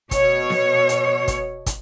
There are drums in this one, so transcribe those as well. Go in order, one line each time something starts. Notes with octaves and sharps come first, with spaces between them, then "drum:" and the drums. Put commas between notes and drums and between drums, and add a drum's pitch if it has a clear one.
B2 C#5, drum: kick, hi-hat
drum: snare B3
drum: hi-hat
drum: kick, hi-hat
drum: kick, hi-hat